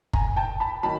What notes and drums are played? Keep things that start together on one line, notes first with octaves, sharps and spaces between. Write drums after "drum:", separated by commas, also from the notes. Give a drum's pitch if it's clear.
G#5 A#5, drum: kick
G5 A5
A5 B5
D#3 F#3 D#4 A5 B5